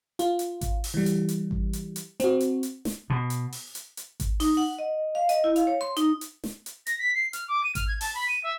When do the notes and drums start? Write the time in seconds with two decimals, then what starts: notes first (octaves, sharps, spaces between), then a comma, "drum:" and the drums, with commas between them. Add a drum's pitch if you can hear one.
0.19 F4, drum: hi-hat
0.39 drum: hi-hat
0.61 drum: kick G#1, hi-hat
0.84 drum: open hi-hat
0.94 E3 G3
1.06 drum: hi-hat
1.29 drum: hi-hat
1.51 drum: kick G#1
1.73 drum: hi-hat
1.96 drum: hi-hat
2.20 C4 F#4, drum: hi-hat
2.40 drum: hi-hat
2.63 drum: hi-hat
2.85 drum: snare
3.10 B2
3.30 drum: hi-hat
3.52 drum: open hi-hat
3.75 drum: hi-hat
3.97 drum: hi-hat
4.20 drum: kick G#1, hi-hat
4.40 D#4, drum: open hi-hat
4.57 F#5
4.79 D#5
5.15 F5
5.29 D#5, drum: hi-hat
5.44 E4
5.56 F5, drum: hi-hat
5.67 C#5
5.81 C6
5.97 D#4, drum: hi-hat
6.21 drum: hi-hat
6.44 drum: snare
6.66 drum: hi-hat
6.87 A#6, drum: hi-hat
6.99 B6
7.15 C7
7.33 F6, drum: hi-hat
7.48 D6
7.64 D#7
7.75 F6, drum: kick G#1, hi-hat
7.88 G#6
8.01 A5, drum: open hi-hat
8.15 B5
8.28 D#7
8.44 E5